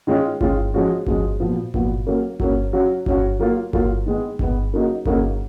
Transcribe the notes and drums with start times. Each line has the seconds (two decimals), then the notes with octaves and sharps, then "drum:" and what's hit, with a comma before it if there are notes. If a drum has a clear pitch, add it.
0.07 D#3 G#3 C#4 F4
0.41 D#3 G#3 C#4 F4, drum: kick G1
0.74 F3 G#3 C#4 F#4
1.06 F3 G#3 C#4 F#4, drum: kick G1
1.40 A#2 F3 B3 F#4
1.74 A#2 F3 B3 F#4, drum: kick G1
2.07 F#3 A#3 C#4
2.40 F#3 A#3 C#4, drum: kick G1
2.73 F#3 C#4 F#4
3.06 F#3 C#4 F#4, drum: kick G1
3.39 F#3 A#3 F4
3.73 F#3 A#3 F4, drum: kick G1
4.06 D#3 G#3 B3
4.39 D#3 G#3 B3, drum: kick G1
4.73 C#3 F#3 A#3 D#4 F#4
5.05 C#3 F#3 A#3 D#4 F#4, drum: kick G1